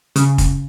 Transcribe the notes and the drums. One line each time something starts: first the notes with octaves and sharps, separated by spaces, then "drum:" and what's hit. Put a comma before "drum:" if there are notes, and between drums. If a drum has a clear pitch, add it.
C#3, drum: hi-hat
drum: kick, hi-hat